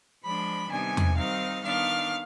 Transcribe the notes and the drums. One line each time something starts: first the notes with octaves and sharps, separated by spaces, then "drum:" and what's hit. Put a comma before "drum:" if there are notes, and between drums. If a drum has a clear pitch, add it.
F3 G#3 D4 B5
C3 D#3 G3 B3 D4 G#5
drum: tom E2
D#3 G3 C4 D#4 F5
D#3 B3 D4 F5